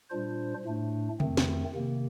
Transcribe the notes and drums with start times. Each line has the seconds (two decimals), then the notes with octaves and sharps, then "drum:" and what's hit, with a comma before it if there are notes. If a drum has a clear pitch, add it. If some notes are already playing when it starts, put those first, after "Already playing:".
0.10 A#2 G3 D4 F4 C5
0.65 A2 A3 D4
1.20 F2 D#3 A3 C4, drum: tom C3
1.37 drum: snare
1.75 C3 D#3 A#3